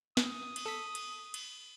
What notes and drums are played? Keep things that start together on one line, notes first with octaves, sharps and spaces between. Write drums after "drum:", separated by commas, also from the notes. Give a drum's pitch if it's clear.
D#6, drum: snare
drum: cymbal
A4 B6
drum: cymbal
drum: cymbal